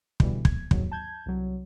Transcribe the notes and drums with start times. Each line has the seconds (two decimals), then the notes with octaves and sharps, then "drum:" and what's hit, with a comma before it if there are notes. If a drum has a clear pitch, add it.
0.20 B2 D3 E3 G3, drum: kick
0.45 G#6, drum: kick
0.71 G#1 D#2 G#2 F#3, drum: kick
0.92 A5 G6 G#6
1.26 C2 F#3